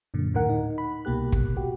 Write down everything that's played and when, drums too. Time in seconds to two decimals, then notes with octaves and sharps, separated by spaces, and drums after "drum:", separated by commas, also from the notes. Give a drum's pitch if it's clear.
0.14 F#2 A#2 D3
0.34 D2 A2 D#3 A#4 F#5
0.49 D#4
0.78 B5
1.05 C2 B2 A#3 G4 F#6
1.32 drum: kick
1.57 F#4 G4